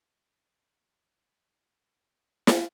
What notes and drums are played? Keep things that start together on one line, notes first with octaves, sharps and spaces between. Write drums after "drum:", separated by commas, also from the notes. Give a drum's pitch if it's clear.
D#5 G#5 B5
G4
drum: snare